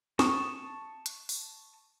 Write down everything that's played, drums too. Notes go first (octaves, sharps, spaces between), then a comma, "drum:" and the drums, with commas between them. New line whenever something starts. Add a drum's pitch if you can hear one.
A5 C#6 D#6, drum: snare
drum: hi-hat
drum: open hi-hat